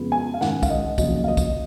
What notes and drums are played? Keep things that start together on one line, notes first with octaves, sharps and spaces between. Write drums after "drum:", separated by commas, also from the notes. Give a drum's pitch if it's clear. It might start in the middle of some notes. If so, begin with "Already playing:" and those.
Already playing: F2 C#3 G#3 B3
G#5
F5
G#2 D#3 G#3 C#4 F#5, drum: snare
F5, drum: kick, tambourine
D#5
F1 D#2 C#3 F#3 D#5, drum: kick, tambourine
F5
D#5
drum: kick, tambourine